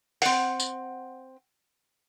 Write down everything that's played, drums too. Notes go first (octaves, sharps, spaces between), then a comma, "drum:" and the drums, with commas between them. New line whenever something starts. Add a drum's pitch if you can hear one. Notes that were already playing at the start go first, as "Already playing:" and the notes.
C4 F#5, drum: open hi-hat
drum: tambourine